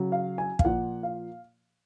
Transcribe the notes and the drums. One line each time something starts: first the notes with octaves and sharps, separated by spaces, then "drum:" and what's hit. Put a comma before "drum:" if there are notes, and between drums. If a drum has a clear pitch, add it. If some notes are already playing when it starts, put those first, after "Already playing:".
Already playing: C#3 F#3
F5
G#5
F5, drum: kick
A#2 F3 F#5
F5